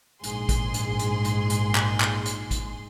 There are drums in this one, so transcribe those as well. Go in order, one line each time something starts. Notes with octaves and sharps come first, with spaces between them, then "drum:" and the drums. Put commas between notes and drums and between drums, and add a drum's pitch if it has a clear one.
A#1 G#2 G#4 C6, drum: hi-hat
drum: kick G#1, hi-hat
drum: hi-hat
drum: hi-hat
drum: hi-hat
drum: hi-hat
drum: clap
drum: clap
drum: hi-hat
drum: kick G#1, hi-hat